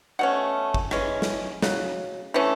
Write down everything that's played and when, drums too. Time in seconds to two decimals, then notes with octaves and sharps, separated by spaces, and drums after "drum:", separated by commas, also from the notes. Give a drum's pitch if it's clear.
0.19 B2 A3 C#4 F#5
0.74 drum: kick
0.91 E3 G#3 C#4, drum: rim click
1.22 drum: snare
1.62 C#3 F#3, drum: snare
2.34 E3 A3 C#4